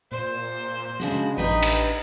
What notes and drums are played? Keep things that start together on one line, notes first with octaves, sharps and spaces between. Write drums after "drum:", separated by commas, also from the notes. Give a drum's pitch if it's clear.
A#2 C5
C#3 G#3 D4 F#4
A1 D4 D#4 G4 B4
drum: cymbal